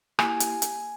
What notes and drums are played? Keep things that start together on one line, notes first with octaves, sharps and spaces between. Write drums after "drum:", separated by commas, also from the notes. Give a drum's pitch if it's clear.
A#3 E4 G4 G#5, drum: rim click
drum: hi-hat
drum: hi-hat